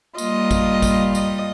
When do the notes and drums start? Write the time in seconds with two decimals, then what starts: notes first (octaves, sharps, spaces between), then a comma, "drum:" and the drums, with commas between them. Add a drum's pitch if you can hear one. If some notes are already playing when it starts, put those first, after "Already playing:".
0.18 G3 A#3 F4 D#5, drum: tambourine
0.51 drum: kick, tambourine
0.82 drum: kick, tambourine
1.15 D#5, drum: tambourine